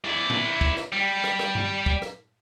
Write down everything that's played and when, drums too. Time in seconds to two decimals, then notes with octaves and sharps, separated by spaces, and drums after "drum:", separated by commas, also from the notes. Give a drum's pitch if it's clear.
0.04 E4 D5
0.30 drum: tom A2
0.61 drum: kick
0.77 drum: rim click
0.92 G3
1.24 drum: rim click
1.39 drum: rim click
1.55 drum: tom G2
1.86 drum: kick
2.02 drum: rim click